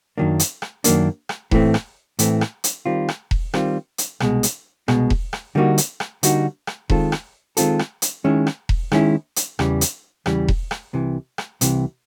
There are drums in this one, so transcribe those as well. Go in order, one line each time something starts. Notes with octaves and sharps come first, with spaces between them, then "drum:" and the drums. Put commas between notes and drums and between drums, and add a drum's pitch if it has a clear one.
F#2 D#3 F#3 A#3 D4
drum: hi-hat
drum: rim click
F#2 D#3 F#3 A#3 D4, drum: hi-hat
drum: rim click
A2 E3 A3 C4, drum: kick E1
drum: rim click
A2 E3 A3 C4, drum: hi-hat
drum: rim click
drum: hi-hat
D#3 G3 C4 F4
drum: rim click
drum: kick E1
D#3 G3 C4 F4, drum: rim click
drum: hi-hat
C2 B2 G#3, drum: rim click
drum: hi-hat
C2 B2 G#3, drum: rim click
drum: kick E1
drum: rim click
D3 G3 A#3 D#4 F#4
drum: hi-hat
drum: rim click
D3 G3 A#3 D#4 F#4, drum: hi-hat
drum: rim click
D#3 G#3 C4 F4 A4, drum: kick E1
drum: rim click
D#3 G#3 C4 F4 A4, drum: hi-hat
drum: rim click
drum: hi-hat
D#3 G#3 C#4 E4
drum: rim click
drum: kick E1
D#3 G#3 C#4 E4, drum: rim click
drum: hi-hat
E2 C#3 E3 G3, drum: rim click
drum: hi-hat
E2 C#3 E3 G3, drum: rim click
drum: kick E1
drum: rim click
C2 C3 E3
drum: rim click
C2 C3 E3, drum: hi-hat